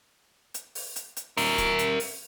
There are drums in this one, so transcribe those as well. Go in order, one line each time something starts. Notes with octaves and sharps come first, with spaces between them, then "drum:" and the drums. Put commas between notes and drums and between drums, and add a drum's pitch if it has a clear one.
drum: hi-hat
drum: open hi-hat
drum: hi-hat
drum: hi-hat
A#4 E5, drum: open hi-hat
drum: kick C#1, hi-hat
drum: hi-hat
drum: open hi-hat